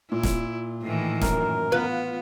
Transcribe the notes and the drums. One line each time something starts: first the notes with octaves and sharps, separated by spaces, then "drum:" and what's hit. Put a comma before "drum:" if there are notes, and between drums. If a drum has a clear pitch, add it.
A#2 E4
drum: snare
A2 D#3 E3
F#2 A#4, drum: snare
B3 F4 B4